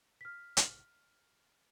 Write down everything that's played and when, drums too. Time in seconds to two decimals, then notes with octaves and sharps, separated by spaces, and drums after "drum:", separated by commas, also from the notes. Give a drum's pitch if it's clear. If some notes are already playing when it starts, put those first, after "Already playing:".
0.21 F6 B6
0.57 drum: hi-hat